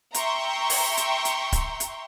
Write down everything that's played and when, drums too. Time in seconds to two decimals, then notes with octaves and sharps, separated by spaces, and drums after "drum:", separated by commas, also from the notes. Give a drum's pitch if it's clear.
0.14 E5 G5 A#5 C6 C#6, drum: hi-hat
0.70 drum: open hi-hat
0.97 drum: hi-hat
1.25 drum: hi-hat
1.52 drum: kick D1, hi-hat
1.80 drum: hi-hat